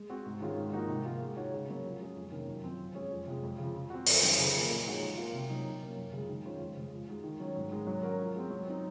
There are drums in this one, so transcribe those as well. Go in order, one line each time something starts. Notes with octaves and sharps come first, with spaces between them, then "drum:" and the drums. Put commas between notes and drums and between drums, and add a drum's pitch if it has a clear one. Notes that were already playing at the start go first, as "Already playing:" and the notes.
Already playing: G#3
C4 F#4
G#2
D#3 G#3 C#4 F4
G#2
F3 A#3 D#4 F#4
C3
F3 A#3 F4
G#3
D#4 F#4 C#5
C#3
F#3 A#3 C#4
F3
G#3 C#4 F4 G#4
F2
C3 D#3 A#3 C#4
F#2
F3 C4
F3
G#3 C#4 G#4 C#5
F2
C3 F3 G#3
F2
C#3 F3
F3
C4 F#4
F2, drum: open hi-hat
D#3 F#3 C4 F4
C#3
F3 A#3
A#2
G#3 D#4 F#4 C#5
F3
A#3 F4
C3
F#3 A#3 D#4
C3
F3 A#3 C#4
F#2
C#3 F3 G#3
D#3
G#3 C#4 F4 C5
F2
C#3 G#3
F3
G#3 D#4 F#4
D#3
F#3 C#4
G#2
D#3 G#3
F#3
C#4 F#4 A#4
F3
G#3 C4
F#3
C4 D#4